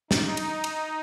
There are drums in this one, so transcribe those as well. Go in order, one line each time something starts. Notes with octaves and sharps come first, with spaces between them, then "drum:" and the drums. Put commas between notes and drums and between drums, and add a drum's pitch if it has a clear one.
D#4, drum: snare
drum: cymbal
drum: cymbal